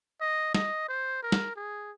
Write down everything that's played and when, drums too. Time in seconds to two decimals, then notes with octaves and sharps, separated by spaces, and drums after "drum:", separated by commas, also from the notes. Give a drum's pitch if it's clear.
0.21 D#5
0.55 D#5, drum: snare
0.89 C5
1.23 A#4
1.32 drum: snare
1.56 G#4